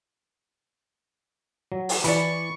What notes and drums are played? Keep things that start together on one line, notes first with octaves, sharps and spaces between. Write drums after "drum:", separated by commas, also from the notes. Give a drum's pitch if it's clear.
F#3
drum: open hi-hat
E3 D5 B5 C#6, drum: hi-hat